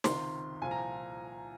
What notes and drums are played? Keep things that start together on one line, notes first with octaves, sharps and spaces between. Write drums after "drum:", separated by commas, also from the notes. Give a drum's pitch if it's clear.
C#2 C3 D#3 C6, drum: snare
C2 A#2 F3 G#5
A#5